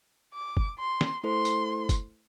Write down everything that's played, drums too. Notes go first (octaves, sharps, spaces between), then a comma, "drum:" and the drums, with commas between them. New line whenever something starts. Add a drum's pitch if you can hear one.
D6
drum: kick
C6
drum: snare
A3 E4 A4 C5 C6
drum: tambourine
drum: kick, tambourine